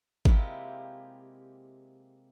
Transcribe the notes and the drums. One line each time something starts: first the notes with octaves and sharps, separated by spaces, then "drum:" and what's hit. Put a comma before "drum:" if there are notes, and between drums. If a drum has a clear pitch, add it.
C3 G#3 A#3 E4 F4 G4, drum: kick G#1